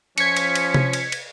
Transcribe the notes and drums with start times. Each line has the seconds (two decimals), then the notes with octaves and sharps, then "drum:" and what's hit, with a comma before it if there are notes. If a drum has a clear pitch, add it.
0.18 F3 C#4 G#6 B6 C#7, drum: cymbal
0.37 drum: cymbal
0.55 drum: cymbal
0.74 drum: tom C3
0.93 drum: cymbal
1.12 drum: cymbal